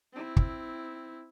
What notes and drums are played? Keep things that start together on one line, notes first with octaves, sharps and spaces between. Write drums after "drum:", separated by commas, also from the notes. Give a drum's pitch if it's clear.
C4 E4
drum: kick